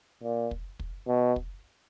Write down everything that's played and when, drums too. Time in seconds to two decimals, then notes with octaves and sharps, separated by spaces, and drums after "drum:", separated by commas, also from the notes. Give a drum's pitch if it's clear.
0.23 A#2
0.51 drum: kick
0.80 drum: kick
1.08 B2
1.36 drum: kick